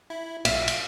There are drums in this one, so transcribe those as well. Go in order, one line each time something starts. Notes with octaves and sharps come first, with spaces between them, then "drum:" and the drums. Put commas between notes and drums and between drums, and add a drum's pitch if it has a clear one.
E4
B1 A#2 E5 F5, drum: cymbal
drum: cymbal